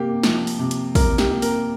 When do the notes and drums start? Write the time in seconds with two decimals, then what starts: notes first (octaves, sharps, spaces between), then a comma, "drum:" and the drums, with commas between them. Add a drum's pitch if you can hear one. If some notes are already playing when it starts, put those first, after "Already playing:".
Already playing: C3 A#3 G4
0.23 F3, drum: snare
0.47 drum: open hi-hat
0.59 C3
0.71 drum: hi-hat
0.95 C3 A#4, drum: kick, open hi-hat
1.18 G4, drum: snare
1.31 A#3
1.42 A#4, drum: open hi-hat